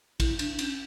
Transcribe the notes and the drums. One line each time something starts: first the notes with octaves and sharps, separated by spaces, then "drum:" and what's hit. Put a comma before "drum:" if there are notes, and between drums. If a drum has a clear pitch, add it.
E4, drum: kick, cymbal
D4, drum: cymbal
C#4, drum: cymbal